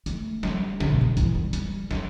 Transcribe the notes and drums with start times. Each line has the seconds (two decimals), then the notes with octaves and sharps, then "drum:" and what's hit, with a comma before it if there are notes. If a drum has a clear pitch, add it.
0.06 A3, drum: hi-hat
0.43 G3, drum: snare
0.80 D3, drum: snare
0.90 B2
1.01 D3
1.17 E3, drum: kick, hi-hat
1.35 G3
1.53 G3, drum: hi-hat
1.91 D3, drum: snare